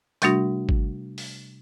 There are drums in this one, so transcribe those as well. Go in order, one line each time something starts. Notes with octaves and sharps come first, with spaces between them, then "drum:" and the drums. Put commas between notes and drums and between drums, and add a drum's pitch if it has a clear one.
C3 G3 A3 D4 F#4 A#6, drum: hi-hat
drum: kick
drum: open hi-hat